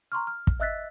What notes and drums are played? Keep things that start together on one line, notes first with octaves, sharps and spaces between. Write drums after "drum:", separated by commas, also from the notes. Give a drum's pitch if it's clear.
A#5 C6 C#6 F6
F6
drum: kick
D#5 E5 E6 F#6 A6 B6